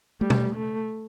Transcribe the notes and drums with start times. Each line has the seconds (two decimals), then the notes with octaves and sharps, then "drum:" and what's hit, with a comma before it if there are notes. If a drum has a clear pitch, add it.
0.21 G3 A3
0.30 drum: tom B2
0.55 A3